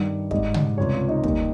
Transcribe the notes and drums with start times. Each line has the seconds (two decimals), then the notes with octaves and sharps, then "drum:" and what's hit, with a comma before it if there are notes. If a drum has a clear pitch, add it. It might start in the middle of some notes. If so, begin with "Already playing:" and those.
Already playing: G2 D#3 G3
0.31 G#2 G3 D#5, drum: kick
0.54 drum: tom
0.78 C#2 C3 G3 C#5
0.93 F4
1.09 D#4
1.24 D#2 D#3 G3, drum: kick